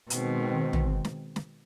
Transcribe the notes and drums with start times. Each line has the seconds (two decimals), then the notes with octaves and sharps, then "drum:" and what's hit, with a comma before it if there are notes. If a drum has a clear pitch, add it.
0.10 B2 D#3 G#3 C4, drum: hi-hat
0.73 drum: tom
1.05 drum: snare
1.36 drum: snare